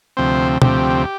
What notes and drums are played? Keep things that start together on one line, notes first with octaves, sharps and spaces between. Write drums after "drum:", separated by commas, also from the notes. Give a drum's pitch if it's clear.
D2 C3 F3 C4 C5
D2 C3 F3 C4 G4, drum: tom